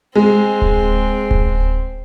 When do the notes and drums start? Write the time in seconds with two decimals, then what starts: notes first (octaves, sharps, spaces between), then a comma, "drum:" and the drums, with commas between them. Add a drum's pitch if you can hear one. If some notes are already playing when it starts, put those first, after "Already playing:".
0.16 G#3 C4
0.62 drum: kick D1
1.31 drum: kick D1